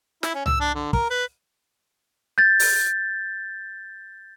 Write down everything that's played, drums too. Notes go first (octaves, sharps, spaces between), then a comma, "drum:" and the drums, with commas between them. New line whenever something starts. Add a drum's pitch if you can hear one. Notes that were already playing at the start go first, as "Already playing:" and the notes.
E4, drum: snare
C#4
E6, drum: tom C2
D4
D3
A#4, drum: kick
B4
G6 A6
drum: open hi-hat